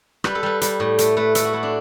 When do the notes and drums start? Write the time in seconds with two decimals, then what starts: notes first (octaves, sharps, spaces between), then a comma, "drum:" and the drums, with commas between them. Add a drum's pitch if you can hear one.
0.24 G3 B4, drum: rim click
0.35 A4
0.43 G3 B4
0.61 G3, drum: hi-hat
0.80 A2
0.99 A3, drum: hi-hat
1.17 A3 B4
1.35 A3 A4, drum: hi-hat
1.44 F#4
1.53 A3 E4
1.63 D4